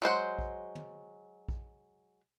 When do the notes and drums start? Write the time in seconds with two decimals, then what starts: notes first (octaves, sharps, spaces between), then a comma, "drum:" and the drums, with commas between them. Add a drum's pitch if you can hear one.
0.02 F#3 G#3 C5 F#5
0.39 drum: kick A#1
0.75 drum: tom
1.49 drum: kick A#1